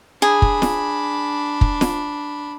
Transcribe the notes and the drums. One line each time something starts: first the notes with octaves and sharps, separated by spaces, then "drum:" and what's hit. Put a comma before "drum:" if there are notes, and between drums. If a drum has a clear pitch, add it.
D4 G#4 B5
drum: kick
drum: snare
drum: kick
drum: snare